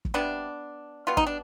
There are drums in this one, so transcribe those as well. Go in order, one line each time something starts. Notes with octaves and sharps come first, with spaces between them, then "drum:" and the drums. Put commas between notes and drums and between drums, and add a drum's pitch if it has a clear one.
drum: kick
C3 D#3 G3 B3 D4
B2 G3 B3 F4
D#4, drum: kick
D4